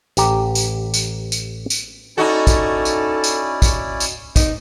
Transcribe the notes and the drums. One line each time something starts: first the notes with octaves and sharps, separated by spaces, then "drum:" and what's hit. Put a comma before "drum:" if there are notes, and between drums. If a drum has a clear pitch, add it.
A1 G4 A#5, drum: tambourine
drum: tambourine
drum: tambourine
drum: tambourine
drum: tambourine
C#4 D#4 E4 F#4 A4 D5
drum: kick, tambourine
drum: tambourine
drum: tambourine
drum: kick, tambourine
drum: tambourine
D#4, drum: kick, tambourine